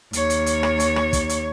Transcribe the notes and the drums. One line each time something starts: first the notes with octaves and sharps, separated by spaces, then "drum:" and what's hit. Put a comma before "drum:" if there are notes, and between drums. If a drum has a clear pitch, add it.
D#2 C#5, drum: hi-hat
drum: hi-hat
drum: hi-hat
drum: rim click
drum: hi-hat
drum: rim click
drum: kick, hi-hat
drum: hi-hat